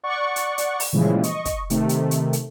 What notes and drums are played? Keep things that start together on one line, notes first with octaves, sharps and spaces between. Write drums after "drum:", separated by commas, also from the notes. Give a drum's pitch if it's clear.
D5 F#5 C#6
drum: hi-hat
drum: hi-hat
drum: open hi-hat
A#2 C#3 E3 F3 G3 G#3
D#5 C#6, drum: hi-hat
drum: kick, hi-hat
C3 D#3 A3, drum: hi-hat
drum: hi-hat
drum: hi-hat
drum: hi-hat